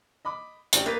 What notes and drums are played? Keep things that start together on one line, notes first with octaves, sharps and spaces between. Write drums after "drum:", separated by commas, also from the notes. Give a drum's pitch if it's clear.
D#5 B5 D6
A1 D4 G4, drum: hi-hat
A#3 D#4 B4 D#6 A6 B6